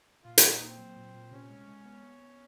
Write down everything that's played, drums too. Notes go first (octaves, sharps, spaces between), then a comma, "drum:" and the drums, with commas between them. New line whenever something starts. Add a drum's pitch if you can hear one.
A#2 F4
E4, drum: hi-hat
A#2
D#4
A#3 C4
F#3
A#2
A#2
C3 C#4
G#3
G#3
B3
B3
B3